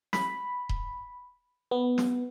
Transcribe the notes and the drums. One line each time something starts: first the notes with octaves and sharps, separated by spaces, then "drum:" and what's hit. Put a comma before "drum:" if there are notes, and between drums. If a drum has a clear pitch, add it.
B5, drum: snare
drum: kick D#1
B3
drum: snare